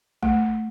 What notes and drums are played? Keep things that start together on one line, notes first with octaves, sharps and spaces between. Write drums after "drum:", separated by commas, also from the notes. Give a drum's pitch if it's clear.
A3, drum: kick G#1